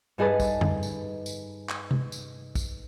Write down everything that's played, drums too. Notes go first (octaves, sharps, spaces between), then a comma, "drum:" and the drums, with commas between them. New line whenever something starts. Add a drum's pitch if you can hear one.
G2 D#4 G#4 A4 B4 A6
drum: kick, tambourine
drum: tom F2
drum: tambourine
drum: tambourine
drum: clap
drum: tom C3
drum: tambourine
drum: kick, tambourine